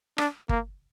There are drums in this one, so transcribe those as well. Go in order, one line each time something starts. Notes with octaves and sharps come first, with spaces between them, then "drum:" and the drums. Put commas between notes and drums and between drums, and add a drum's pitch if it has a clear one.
D4, drum: rim click
A#3, drum: kick G1